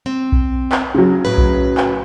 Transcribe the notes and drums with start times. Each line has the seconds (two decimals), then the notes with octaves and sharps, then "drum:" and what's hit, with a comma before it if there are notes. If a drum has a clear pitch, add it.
0.06 C4
0.32 drum: kick A#1
0.72 drum: clap
0.94 C#3 F#3
1.25 A2 B4
1.38 drum: kick A#1
1.77 drum: clap